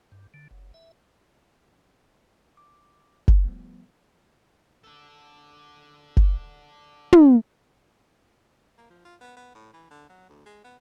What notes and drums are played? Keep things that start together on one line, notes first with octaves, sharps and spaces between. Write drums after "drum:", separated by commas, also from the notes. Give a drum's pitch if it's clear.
G2
D3
F#1
E5
D6
drum: kick F#1
F3 G3 A3 B3
D4 A4
drum: kick F#1
drum: tom
A#3
F3
F4
B3
B3
A2
E3
D3
F#3
D2
G#3
B3